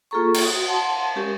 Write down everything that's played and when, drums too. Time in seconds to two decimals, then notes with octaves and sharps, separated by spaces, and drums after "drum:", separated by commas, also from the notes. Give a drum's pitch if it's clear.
0.11 A#3 F4 G#4 A4 A#5 C#6
0.34 drum: cymbal
0.45 F#4 D#6
0.67 F#5 A5 C6
1.16 G#3 C#4 G4 A#4